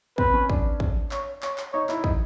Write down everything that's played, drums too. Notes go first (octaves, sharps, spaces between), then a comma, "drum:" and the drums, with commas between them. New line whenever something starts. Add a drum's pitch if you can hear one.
C4 B4, drum: kick
C#4
D4, drum: kick
drum: kick
C#5, drum: clap
C#5, drum: clap
drum: clap
D#4 C#5
E4, drum: clap
D#4, drum: kick